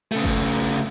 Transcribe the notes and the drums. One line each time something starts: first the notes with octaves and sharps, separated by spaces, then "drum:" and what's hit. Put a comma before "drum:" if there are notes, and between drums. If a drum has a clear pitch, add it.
C#3 A3
drum: kick G1